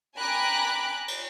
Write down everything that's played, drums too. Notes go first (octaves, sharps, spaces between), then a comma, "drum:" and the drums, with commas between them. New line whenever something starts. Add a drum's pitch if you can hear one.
G5 G#5 A#5 B5 D6 F#6
drum: cymbal